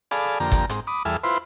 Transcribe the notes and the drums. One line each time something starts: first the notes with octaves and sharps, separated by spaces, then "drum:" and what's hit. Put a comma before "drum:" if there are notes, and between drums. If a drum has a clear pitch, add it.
G#4 A4 D5 F5 B5, drum: hi-hat
F2 D3 A#3 G4 A#5
drum: kick G1, hi-hat
G#2 C4, drum: hi-hat
B5 D6 D#6
E2 G3 G#4 A4 E5 F6
E4 F4 B4 C5 C6